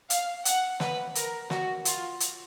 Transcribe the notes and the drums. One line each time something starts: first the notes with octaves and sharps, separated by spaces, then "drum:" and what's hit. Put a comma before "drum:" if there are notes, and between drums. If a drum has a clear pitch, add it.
F5, drum: hi-hat
F#5, drum: hi-hat
B4, drum: snare
A#4, drum: hi-hat
F#4, drum: snare
F4, drum: hi-hat
drum: hi-hat